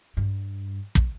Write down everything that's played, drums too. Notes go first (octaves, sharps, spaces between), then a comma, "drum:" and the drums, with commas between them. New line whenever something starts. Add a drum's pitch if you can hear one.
G2
drum: kick